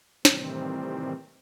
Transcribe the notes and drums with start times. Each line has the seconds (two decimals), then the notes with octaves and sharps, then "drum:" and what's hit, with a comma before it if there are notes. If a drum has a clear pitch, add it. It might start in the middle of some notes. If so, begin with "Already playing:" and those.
0.25 A2 C3 D#3 E3 G3 C4, drum: snare